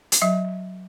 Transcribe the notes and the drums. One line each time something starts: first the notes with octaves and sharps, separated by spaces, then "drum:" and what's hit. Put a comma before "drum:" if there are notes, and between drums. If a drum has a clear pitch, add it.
drum: hi-hat
F#3 E5